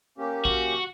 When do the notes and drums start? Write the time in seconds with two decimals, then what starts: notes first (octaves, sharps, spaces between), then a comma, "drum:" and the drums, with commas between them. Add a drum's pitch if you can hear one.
0.18 A#3 C#4 G4
0.45 F#4, drum: kick A#1